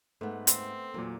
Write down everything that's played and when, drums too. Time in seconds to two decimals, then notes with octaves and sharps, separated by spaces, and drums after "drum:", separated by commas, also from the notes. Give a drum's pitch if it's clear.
0.21 G#2 A3 B3
0.47 C4, drum: hi-hat
0.94 E2 A#2 F#3 A#3